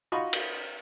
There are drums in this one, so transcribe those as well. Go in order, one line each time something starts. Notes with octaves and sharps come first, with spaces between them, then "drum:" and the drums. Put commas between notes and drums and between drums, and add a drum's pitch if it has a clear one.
D#4 F4 F#4 D#5 B5 C#6
drum: cymbal